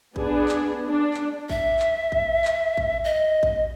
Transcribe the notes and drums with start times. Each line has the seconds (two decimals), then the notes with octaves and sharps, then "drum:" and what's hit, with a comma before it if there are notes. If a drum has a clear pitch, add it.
0.16 B3 D4 G#4, drum: kick A1
0.48 drum: clap
0.87 D4
1.14 drum: clap
1.50 E5, drum: kick A1
1.79 drum: clap
2.12 drum: kick A1
2.45 drum: clap
2.77 drum: kick A1
3.04 D#5
3.43 drum: kick A1